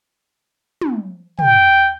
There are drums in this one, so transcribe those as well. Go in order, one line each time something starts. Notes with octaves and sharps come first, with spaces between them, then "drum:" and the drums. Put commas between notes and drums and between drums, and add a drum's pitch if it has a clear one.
drum: tom
G5, drum: tom